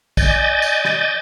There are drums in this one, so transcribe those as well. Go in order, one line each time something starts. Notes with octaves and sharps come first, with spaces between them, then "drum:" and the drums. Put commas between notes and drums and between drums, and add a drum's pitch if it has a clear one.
D5 D#5 G#5 G6 A6, drum: kick, tambourine
drum: tambourine
drum: rim click